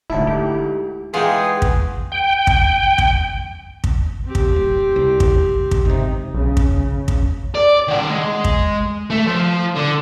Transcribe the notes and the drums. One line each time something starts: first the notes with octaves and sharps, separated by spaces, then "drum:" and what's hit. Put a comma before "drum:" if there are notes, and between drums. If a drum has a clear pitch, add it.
D#1 D2 G#2 E4 A4
G4
E3 G#3 D#4 F4 G#4 B4 F#5 G5
drum: kick
G5
drum: kick
drum: kick
drum: kick
C4 G4
drum: kick
D1
C2
drum: kick
drum: kick
G#1 C3 D#4
B1 C#3
drum: kick
drum: kick
D5
D#3 F#5
G#3
drum: kick
A3
F3
D3